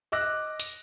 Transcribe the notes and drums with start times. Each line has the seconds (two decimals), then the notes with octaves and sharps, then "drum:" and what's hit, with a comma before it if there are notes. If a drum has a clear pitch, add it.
0.12 D#5 D6 E6 F#6 A#6
0.60 drum: hi-hat